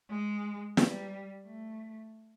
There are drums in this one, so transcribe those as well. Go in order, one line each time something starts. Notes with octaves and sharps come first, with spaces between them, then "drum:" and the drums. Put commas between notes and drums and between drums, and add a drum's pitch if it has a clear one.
G#3
G3, drum: snare
A3